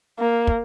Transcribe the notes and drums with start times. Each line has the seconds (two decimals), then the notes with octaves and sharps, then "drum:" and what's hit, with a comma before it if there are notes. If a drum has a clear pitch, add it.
0.19 A#3
0.47 drum: kick